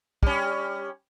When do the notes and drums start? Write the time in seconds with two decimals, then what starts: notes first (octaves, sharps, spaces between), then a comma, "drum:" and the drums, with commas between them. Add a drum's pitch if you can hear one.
0.23 G3 C#4, drum: kick